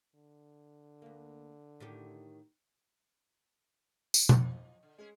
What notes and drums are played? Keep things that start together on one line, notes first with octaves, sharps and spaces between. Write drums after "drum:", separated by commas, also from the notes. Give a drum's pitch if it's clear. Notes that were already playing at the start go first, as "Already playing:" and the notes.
D3
D2 A#3
A2 D#3 G4
drum: tambourine
F3 C#5 D#5, drum: tom B2
D3
G#3 C#4 G#4